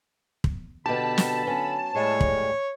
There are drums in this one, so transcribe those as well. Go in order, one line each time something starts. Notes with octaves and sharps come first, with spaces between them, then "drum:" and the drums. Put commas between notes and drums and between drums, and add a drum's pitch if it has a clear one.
drum: kick
B2 D3 G4 A5 B5
drum: snare
F#3 C#4
A2 G3 G#3 G#4 C#5
drum: kick